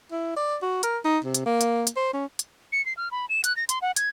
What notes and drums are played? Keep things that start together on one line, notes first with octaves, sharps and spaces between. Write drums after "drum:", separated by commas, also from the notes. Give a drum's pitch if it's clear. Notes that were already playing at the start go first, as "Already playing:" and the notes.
E4
D5
F#4
A#4, drum: hi-hat
D#4
C3
drum: hi-hat
A#3
drum: hi-hat
drum: hi-hat
C5
C#4
drum: hi-hat
C#7
C7
F6
B5
E7
F#6, drum: hi-hat
A#6
C6, drum: hi-hat
F#5
G#6, drum: hi-hat